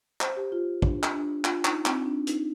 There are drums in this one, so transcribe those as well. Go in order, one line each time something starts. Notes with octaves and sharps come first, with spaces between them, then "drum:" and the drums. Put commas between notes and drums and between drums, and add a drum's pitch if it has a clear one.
C5, drum: clap
G4
F4
D4, drum: kick
drum: clap
D4
F4, drum: clap
D#4, drum: clap
C4, drum: clap
D4
D#4, drum: hi-hat